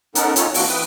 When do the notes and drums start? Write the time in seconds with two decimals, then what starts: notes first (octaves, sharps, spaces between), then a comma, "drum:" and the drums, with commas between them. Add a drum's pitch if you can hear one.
0.15 B3 C#4 D#4 A4 A#4 F#5, drum: hi-hat
0.36 C4 C#4 D#4 F4 A4 C#5, drum: hi-hat
0.54 E3 A#3 C4 D4 F#4, drum: open hi-hat
0.68 E3 C4 B4 D#6